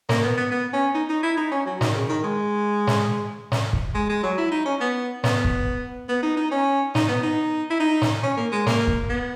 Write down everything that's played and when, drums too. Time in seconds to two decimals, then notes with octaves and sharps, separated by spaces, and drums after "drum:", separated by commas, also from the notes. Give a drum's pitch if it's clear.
0.09 A#3, drum: snare
0.23 B3
0.37 B3
0.52 B3
0.73 C#4
0.94 D#4
1.09 D#4
1.23 E4
1.37 D#4
1.52 C#4
1.66 F#3
1.81 D#3, drum: snare
1.94 C#3
2.09 D#3
2.24 G#3
2.87 drum: snare
3.52 drum: snare
3.73 drum: kick
3.95 G#3
4.09 G#3
4.23 F#3
4.38 E4
4.51 D#4
4.65 C#4
4.81 B3
5.24 B3, drum: snare
5.44 drum: kick
6.09 B3
6.23 D#4
6.37 D#4
6.51 C#4
6.95 D#4, drum: snare
7.08 B3
7.23 D#4
7.70 E4
7.80 D#4
8.02 drum: snare
8.23 C#4
8.37 A#3
8.52 G#3
8.66 A#3, drum: snare
8.87 drum: kick
9.09 B3